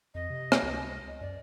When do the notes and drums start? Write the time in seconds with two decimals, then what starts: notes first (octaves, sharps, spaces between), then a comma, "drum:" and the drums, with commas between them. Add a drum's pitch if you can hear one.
0.15 F2 D#5
0.30 C3
0.52 drum: rim click
0.63 C#2
1.21 F#2 D5